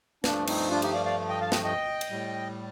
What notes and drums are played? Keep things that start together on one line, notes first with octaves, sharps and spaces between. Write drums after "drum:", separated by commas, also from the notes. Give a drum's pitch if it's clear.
G2 F3 A3 D4, drum: snare
C4 D#4, drum: cymbal
D4 F4
D#4 G4, drum: cymbal
D5 F5
D5 F5
D#5 G5
F5 A5
D#5 G5, drum: snare
D#5 G5
drum: cymbal
A2 G3